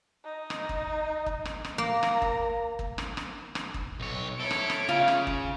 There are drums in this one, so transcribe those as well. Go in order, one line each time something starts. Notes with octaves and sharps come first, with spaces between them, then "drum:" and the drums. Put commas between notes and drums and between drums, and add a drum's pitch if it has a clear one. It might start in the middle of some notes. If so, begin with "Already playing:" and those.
D#4
drum: rim click
drum: kick
drum: kick
drum: rim click
drum: rim click
A#3 A#5
drum: rim click
drum: kick
drum: kick
drum: rim click
drum: rim click
drum: rim click
drum: kick
B1 C#5
E4 A4 C#5 D7
drum: rim click
drum: rim click
C#3 F4
drum: rim click
drum: kick